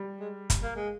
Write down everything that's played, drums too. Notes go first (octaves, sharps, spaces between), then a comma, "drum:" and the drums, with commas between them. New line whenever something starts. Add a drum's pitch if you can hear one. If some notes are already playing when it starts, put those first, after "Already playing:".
Already playing: G3
G#3
drum: kick, hi-hat
A#3
G#3